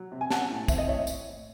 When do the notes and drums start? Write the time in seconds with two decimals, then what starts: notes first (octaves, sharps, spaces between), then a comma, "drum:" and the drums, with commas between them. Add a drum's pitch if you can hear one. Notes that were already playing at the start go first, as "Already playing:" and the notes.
Already playing: F#3
0.12 C3
0.21 G#5
0.31 C#4 F#5 A5, drum: snare
0.50 A2
0.68 C4 E5, drum: kick, tambourine
0.78 D#5
0.88 A2 C#5 E5
1.07 drum: tambourine